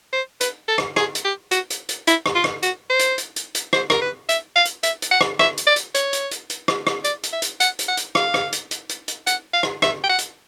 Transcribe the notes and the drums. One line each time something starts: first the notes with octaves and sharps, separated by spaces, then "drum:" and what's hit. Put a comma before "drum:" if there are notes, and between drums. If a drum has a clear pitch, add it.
C5
B4, drum: hi-hat
A4
drum: rim click
G#4, drum: rim click
drum: hi-hat
G4
F#4, drum: hi-hat
drum: hi-hat
drum: hi-hat
E4, drum: hi-hat
drum: rim click
F4
drum: rim click
F#4, drum: hi-hat
C5
drum: hi-hat
drum: hi-hat
drum: hi-hat
drum: hi-hat
C5, drum: rim click
A#4, drum: rim click
B4
E5, drum: hi-hat
F5
drum: hi-hat
E5, drum: hi-hat
drum: hi-hat
F#5
drum: rim click
E5, drum: rim click
drum: hi-hat
D5
drum: hi-hat
C#5, drum: hi-hat
drum: hi-hat
drum: hi-hat
drum: hi-hat
drum: rim click
drum: rim click
D5, drum: hi-hat
drum: hi-hat
E5
drum: hi-hat
F#5, drum: hi-hat
drum: hi-hat
F#5
drum: hi-hat
F5, drum: rim click
drum: rim click
drum: hi-hat
drum: hi-hat
drum: hi-hat
drum: hi-hat
F#5, drum: hi-hat
F5
drum: rim click
E5, drum: rim click
G5
F#5
drum: hi-hat